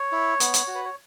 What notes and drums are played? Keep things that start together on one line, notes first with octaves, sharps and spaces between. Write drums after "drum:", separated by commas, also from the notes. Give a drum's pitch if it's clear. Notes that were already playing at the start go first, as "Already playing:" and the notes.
Already playing: C#5
E4
B3, drum: hi-hat
drum: hi-hat
F#4
B4
C#5